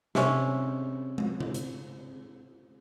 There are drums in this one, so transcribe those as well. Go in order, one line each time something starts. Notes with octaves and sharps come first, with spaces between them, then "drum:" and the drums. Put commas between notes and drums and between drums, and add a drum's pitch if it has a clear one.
C3 C#4, drum: snare
drum: tom
drum: tom C#3
drum: hi-hat